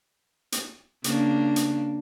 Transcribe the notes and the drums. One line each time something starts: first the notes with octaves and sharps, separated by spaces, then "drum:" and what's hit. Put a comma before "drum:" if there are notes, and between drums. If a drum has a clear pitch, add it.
drum: hi-hat
C#3 A#3 D4, drum: hi-hat
drum: hi-hat